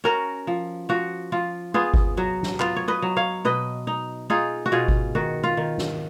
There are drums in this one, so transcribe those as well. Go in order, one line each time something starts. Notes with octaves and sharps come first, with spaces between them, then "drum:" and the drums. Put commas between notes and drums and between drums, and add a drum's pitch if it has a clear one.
C#4 F#4 A#4
F3
F3 F#4
F3 F4
B3 F4 G#4
drum: kick G1
F#3 F#4
drum: snare
B3 F4, drum: clap
C#5
B4 D#5
F#3
C#5 F5
B2 B4 D#5
D#4
D#4 F4 G#4
F#4
B2 F4 G#4
drum: kick G1
D#3 F#4
F4
D#3
drum: snare